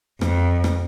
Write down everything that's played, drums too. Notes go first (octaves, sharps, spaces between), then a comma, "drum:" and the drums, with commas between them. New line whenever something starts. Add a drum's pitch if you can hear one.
F2, drum: rim click
drum: rim click